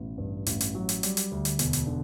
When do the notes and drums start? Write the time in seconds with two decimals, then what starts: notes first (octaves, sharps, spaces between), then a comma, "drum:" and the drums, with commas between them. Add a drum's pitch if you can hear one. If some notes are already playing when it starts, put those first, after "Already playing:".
Already playing: A1 B2
0.18 G2
0.47 A1, drum: hi-hat
0.61 drum: hi-hat
0.75 F#3
0.89 drum: hi-hat
1.03 G3, drum: hi-hat
1.17 drum: hi-hat
1.32 D2
1.45 drum: hi-hat
1.59 E1, drum: hi-hat
1.73 drum: hi-hat
1.87 D3